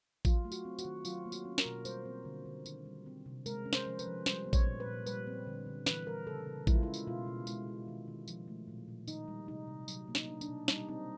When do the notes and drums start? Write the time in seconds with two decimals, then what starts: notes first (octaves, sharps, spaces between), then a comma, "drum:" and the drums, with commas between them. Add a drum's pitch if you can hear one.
0.25 F#3 F4, drum: kick A1, tambourine
0.45 A3
0.52 F#4, drum: tambourine
0.65 C4
0.79 F#4, drum: tambourine
0.85 D#3
1.05 F#3 F4, drum: tambourine
1.25 A#3
1.32 F#4, drum: tambourine
1.45 C#4
1.58 A#4, drum: snare
1.65 B2
1.85 G3 C5, drum: tambourine
2.05 C4
2.25 D3
2.46 D3
2.66 D#3, drum: tambourine
2.86 G3
3.06 C4
3.26 C3
3.46 G#3 A#4, drum: tambourine
3.66 C#4
3.73 C5, drum: snare
3.86 F3
3.99 B4, drum: tambourine
4.07 F3
4.26 G3 C5, drum: snare
4.46 B3
4.53 C#5, drum: kick A1, tambourine
4.67 A#2
4.80 B4
4.86 A#2
5.06 G3 B4, drum: tambourine
5.27 C4
5.47 D3
5.66 D3
5.86 E3 B4, drum: snare
6.06 G3 A#4
6.27 C#3 A4
6.47 C#3
6.67 G#3 E4, drum: kick A1, tambourine
6.75 F4
6.83 C#4 E4
6.94 drum: tambourine
7.07 B2 F4
7.27 B2
7.47 G#3 E4, drum: tambourine
7.67 B3
7.88 D#3
8.08 D#3
8.28 F3, drum: tambourine
8.48 A3
8.68 A#2
8.88 A#2
9.08 D#3 D#4, drum: tambourine
9.28 G3
9.48 C3 D#4
9.68 C3
9.88 F#3, drum: tambourine
10.08 A#3
10.15 D#4, drum: snare
10.28 D4
10.41 D4, drum: tambourine
10.48 B2
10.68 G3 D#4, drum: snare
10.88 C4 D#4